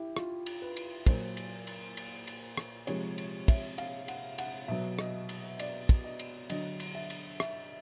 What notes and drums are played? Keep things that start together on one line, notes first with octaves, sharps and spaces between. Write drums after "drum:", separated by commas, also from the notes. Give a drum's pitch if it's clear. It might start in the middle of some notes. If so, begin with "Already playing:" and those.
Already playing: E4 G4
F4, drum: rim click
drum: cymbal
B4
drum: cymbal
A#2 F#3 C5, drum: kick, cymbal
drum: cymbal
drum: cymbal
drum: cymbal
drum: cymbal
drum: rim click
C3 F3 G#3 C#5, drum: cymbal
drum: cymbal
E5, drum: kick, cymbal
F5, drum: cymbal
F#5, drum: cymbal
F#5, drum: cymbal
B2 F#3 E5
D#5, drum: rim click
drum: cymbal
D5, drum: cymbal
drum: kick, cymbal
D#5
drum: cymbal
D3 F#3 D#5, drum: cymbal
drum: cymbal
E5
drum: cymbal
E5, drum: rim click